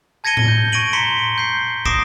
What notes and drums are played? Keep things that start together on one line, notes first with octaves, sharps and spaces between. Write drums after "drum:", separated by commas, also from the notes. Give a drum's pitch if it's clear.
A5 G#6 A#6 C#7 D#7 G7
drum: tom A2
G6
C#6 A#6 D7 D#7 F#7
A#5 C6 B6 C#7 G7
G6 C7
D6 D#6 A#6 C7 D7 E7, drum: kick